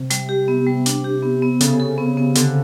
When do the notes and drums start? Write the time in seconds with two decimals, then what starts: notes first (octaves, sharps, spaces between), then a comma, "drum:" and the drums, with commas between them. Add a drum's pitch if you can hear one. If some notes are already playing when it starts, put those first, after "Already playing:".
Already playing: C3
0.10 G3, drum: hi-hat
0.29 G4
0.48 B3
0.67 G3
0.86 D4, drum: hi-hat
1.04 G4
1.22 B3
1.42 B3
1.61 C#3 A4, drum: hi-hat
1.80 A4
1.98 B3
2.17 B3
2.35 D3 A4, drum: hi-hat